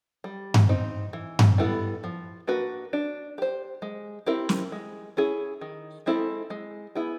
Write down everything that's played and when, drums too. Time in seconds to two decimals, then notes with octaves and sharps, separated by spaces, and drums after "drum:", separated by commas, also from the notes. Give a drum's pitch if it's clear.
0.24 G3
0.54 drum: tom G2
0.69 C4 D#4
1.13 E3
1.39 drum: tom G2
1.58 G3 B3 E4 A4
2.04 F3
2.47 A#3 D4 F#4 B4
2.93 D4
3.38 G4 C5
3.82 G#3
4.26 C4 E4 G4 A#4
4.49 drum: snare
4.72 G#3
5.17 C#4 E4 G#4
5.61 D#3
6.06 G#3 C4 E4 A4
6.50 G#3
6.95 B3 E4 G#4